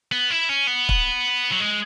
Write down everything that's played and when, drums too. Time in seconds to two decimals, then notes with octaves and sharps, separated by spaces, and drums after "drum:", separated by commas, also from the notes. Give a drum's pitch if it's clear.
0.12 B3
0.30 E4
0.49 C#4
0.67 B3
0.89 drum: kick
1.52 F#3
1.60 G#3